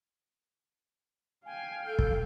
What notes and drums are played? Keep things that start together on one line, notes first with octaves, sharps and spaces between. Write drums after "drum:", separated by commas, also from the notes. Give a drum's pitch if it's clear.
F5 G5 G#5
A4 G6
drum: kick